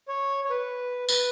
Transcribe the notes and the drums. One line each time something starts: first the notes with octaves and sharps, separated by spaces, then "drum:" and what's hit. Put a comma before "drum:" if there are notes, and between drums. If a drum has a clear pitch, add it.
C#5
C#5
B4
B4, drum: tambourine